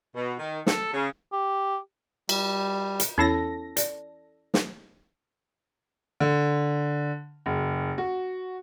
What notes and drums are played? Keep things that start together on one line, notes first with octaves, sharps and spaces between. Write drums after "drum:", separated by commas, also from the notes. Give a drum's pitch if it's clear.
B2
D#3
A4, drum: snare
C#3
G4
G3, drum: cymbal
drum: hi-hat
E2 C#4 E4 A4 C#5 A#6
D5, drum: hi-hat
drum: snare
D3
F#1
F#4